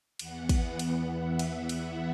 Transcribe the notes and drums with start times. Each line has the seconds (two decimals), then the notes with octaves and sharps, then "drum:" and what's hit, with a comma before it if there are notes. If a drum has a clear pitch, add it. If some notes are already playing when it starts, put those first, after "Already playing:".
0.19 E2 E3 B3 F#5, drum: cymbal
0.49 drum: kick, cymbal
0.79 drum: cymbal
1.09 E5
1.39 drum: cymbal
1.69 drum: cymbal